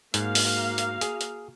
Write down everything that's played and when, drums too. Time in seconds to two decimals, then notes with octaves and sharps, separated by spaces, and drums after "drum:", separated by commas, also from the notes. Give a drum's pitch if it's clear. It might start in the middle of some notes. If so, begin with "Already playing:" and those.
0.14 G#2 A#3 F#4 F5, drum: hi-hat
0.35 drum: open hi-hat
0.78 drum: hi-hat
1.01 G#4, drum: hi-hat
1.21 drum: hi-hat